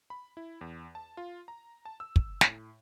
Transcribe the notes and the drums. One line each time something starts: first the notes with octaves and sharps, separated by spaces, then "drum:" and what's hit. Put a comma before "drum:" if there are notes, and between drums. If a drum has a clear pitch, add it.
B5
E4
E2
A5
F4
A#5
A5
E6
drum: kick
A2, drum: snare